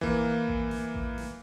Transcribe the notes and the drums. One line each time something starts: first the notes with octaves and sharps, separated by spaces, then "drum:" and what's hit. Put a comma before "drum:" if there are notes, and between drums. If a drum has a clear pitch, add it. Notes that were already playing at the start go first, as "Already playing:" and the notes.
E3 A#3, drum: kick A1
drum: kick A1
drum: snare
drum: kick A1
drum: snare